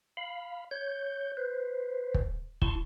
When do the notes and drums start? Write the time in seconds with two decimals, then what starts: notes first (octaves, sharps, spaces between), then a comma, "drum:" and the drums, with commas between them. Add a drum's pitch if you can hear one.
0.17 F5 B5
0.71 C#5 G6
1.37 B4 C5
2.14 drum: kick
2.62 E4 A5 C6 C#6, drum: kick